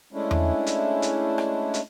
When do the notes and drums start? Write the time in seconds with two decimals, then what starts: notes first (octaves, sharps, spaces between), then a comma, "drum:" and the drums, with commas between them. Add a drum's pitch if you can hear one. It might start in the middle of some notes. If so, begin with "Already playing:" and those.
0.13 G#3 A3 C#4 D4 E4
0.31 drum: tom E2
0.66 drum: hi-hat
1.02 drum: hi-hat
1.38 drum: rim click
1.74 drum: hi-hat